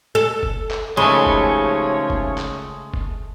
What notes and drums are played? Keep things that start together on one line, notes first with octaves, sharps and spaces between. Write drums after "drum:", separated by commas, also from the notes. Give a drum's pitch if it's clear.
A4
drum: kick F#1
drum: clap
D#2 C#3 F3 G#3 A3 C#5
drum: kick F#1
drum: kick F#1
drum: clap
drum: kick F#1